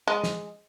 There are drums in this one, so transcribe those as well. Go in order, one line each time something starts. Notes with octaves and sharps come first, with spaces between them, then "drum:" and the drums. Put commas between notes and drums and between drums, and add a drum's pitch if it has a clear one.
G#3
drum: snare